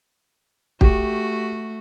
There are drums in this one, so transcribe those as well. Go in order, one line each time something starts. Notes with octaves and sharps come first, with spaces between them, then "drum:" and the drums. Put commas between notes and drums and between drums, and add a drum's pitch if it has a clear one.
A3 F#4 G4, drum: kick